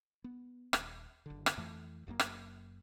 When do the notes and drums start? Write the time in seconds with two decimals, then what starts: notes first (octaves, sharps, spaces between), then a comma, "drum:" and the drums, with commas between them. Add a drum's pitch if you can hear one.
0.24 B3
0.73 D#1, drum: rim click
1.26 F#1 D3
1.46 drum: rim click
1.57 F2 E3 A3
2.07 F#1 F#2 B2 A#3
2.20 drum: rim click